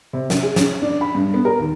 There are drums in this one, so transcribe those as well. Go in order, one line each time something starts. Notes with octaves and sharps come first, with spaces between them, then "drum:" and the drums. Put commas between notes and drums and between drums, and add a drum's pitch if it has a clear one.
C3
C#4, drum: snare
G#4
C#4, drum: snare
D4
B5
G2
B3
A#4
D#2